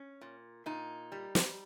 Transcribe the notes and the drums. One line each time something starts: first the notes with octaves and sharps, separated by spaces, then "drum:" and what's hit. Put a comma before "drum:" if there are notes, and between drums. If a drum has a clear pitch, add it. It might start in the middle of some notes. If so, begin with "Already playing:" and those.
Already playing: C#4
A#2
A#2 D#4
G3
drum: snare